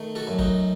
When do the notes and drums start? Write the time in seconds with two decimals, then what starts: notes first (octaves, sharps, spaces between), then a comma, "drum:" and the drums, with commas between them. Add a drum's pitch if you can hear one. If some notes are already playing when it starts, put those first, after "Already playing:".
Already playing: D#3 A3
0.15 F#4 A4
0.27 F#2
0.38 D#4 F#4, drum: kick G1